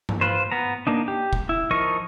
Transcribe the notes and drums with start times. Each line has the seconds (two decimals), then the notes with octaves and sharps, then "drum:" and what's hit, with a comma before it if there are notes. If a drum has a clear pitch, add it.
0.09 drum: tom G2
0.21 F4 B4 C5
0.52 B3 A#5
0.87 A#3 D4 D#4
1.08 G4
1.33 drum: kick
1.49 E4
1.71 F3 D#4 A#4 D#5 C#6